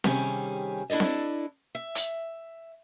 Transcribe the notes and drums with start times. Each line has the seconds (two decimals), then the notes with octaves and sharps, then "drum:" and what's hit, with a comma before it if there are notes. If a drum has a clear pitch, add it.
0.04 C3 D#3 G3 C#4 G4 G#4, drum: snare C4
0.90 D4 E4 A4 D5 D#5
1.00 drum: snare C4
1.75 E5
1.95 drum: hi-hat